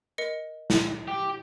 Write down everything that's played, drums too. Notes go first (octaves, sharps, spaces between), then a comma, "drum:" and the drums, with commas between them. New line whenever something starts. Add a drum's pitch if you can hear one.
A#4 D#5 C#7
drum: snare
G4